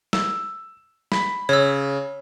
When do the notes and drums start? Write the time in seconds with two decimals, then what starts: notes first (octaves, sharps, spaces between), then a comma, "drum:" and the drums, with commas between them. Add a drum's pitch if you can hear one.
0.13 E6, drum: snare
1.12 B5 B6, drum: snare
1.49 C#3 C#5 E6